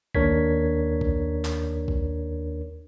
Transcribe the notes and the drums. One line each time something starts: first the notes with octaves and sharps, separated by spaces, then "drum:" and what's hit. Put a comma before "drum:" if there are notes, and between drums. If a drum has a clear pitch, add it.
D#2 D4 A#4 C#5 G#6 B6, drum: kick B1
drum: kick B1
drum: clap
drum: kick B1